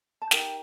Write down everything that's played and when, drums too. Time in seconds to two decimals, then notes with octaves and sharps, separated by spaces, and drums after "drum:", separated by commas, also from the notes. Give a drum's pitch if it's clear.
0.22 A5
0.31 D#4 G4 A#4 G5, drum: snare